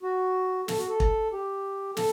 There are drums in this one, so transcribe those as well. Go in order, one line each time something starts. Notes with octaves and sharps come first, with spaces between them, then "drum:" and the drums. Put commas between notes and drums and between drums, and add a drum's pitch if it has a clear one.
F#4
A4, drum: snare
F#4
A4
drum: kick
G4
A4, drum: snare